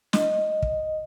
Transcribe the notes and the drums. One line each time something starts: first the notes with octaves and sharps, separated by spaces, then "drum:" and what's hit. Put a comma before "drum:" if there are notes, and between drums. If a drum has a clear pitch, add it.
D#5, drum: snare
drum: kick